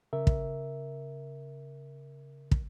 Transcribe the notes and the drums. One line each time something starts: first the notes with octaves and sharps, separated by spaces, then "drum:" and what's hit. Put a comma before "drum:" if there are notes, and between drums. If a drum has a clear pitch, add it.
C#3 A#4 E5
drum: kick
drum: kick